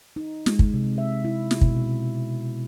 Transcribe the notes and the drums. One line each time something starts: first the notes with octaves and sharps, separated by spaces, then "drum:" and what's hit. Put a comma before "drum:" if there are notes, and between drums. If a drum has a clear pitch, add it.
D#4
G#3, drum: snare
drum: kick
C3
E5
E4
drum: snare
B2, drum: kick